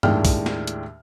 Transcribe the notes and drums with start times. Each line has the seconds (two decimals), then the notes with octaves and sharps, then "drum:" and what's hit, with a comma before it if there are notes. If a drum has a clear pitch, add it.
0.03 D#2 A2 G#3 D4 G5 F6, drum: tom G2
0.25 drum: kick, open hi-hat
0.46 drum: snare
0.67 drum: hi-hat